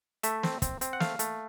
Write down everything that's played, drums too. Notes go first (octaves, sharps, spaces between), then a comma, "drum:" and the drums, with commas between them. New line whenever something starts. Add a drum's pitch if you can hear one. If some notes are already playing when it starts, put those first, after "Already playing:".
A3 E5, drum: hi-hat
C4, drum: snare
C4, drum: kick, hi-hat
C4, drum: hi-hat
F#5
A3 F5, drum: snare
A3, drum: hi-hat